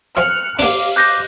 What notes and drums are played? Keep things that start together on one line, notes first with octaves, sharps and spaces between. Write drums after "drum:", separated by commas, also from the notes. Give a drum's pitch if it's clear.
F3 F6 F#6 C#7
A#3 D4 F5 D6, drum: open hi-hat
C5 D#5 D6 F#6 G6 A#6